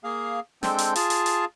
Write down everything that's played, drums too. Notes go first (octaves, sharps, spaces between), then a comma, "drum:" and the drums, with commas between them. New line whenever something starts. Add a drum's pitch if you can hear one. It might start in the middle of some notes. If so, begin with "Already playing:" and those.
A#3 G#4 F5
G#3 C4 D4 A4 C5 G5, drum: snare
drum: hi-hat
F4 G#4 F5 A5, drum: hi-hat
drum: hi-hat
drum: hi-hat